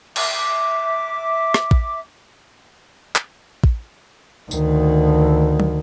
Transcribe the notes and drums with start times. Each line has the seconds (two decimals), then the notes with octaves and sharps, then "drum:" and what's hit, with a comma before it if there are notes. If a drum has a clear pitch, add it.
0.16 E5 D6, drum: cymbal
1.54 drum: rim click
1.71 drum: kick
3.16 drum: clap
3.64 drum: kick
4.51 D2 D#3, drum: tambourine
5.60 drum: tom